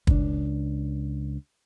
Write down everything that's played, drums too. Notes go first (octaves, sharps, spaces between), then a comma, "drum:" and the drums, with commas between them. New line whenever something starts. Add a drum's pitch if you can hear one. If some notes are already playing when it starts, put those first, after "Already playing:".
C#2 D4, drum: kick